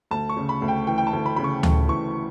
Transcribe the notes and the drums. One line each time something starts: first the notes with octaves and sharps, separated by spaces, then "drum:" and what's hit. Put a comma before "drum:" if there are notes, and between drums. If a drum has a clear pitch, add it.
D2 A5
C#6
C#3
B5
D2
G5
E3 G5
G5
A5
D2
B5
C#3 B5
C#6
D2, drum: tom D2
E3 C#6